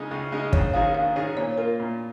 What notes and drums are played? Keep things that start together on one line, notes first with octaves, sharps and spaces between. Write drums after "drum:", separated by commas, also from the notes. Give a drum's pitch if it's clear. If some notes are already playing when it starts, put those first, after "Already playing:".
Already playing: C#3 G#3 D#4
C#2
C#3 G#3 D#4
A#1 C#5, drum: kick
G#2 D#3 C#4 G#4 F5
A#1 F5
G#2 D#3 C#4 G#4
A#2 C#5
A#3 F4 A#4
A#2